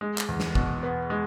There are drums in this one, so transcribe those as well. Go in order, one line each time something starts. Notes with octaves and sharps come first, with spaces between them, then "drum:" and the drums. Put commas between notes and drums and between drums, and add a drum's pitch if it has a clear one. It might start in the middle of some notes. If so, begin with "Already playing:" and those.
G#3
drum: clap
E2
drum: snare
B2, drum: kick G#1
B3
G#3